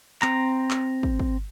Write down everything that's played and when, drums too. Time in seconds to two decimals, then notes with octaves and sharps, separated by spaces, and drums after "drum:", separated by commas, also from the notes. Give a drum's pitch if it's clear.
0.22 C4 A#5, drum: clap
0.71 drum: clap
1.03 drum: kick
1.19 drum: kick